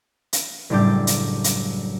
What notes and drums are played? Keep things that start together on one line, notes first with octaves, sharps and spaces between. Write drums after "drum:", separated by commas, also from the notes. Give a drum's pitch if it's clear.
drum: hi-hat
F#1 A2 G3 D4 D6 G6
drum: hi-hat
drum: hi-hat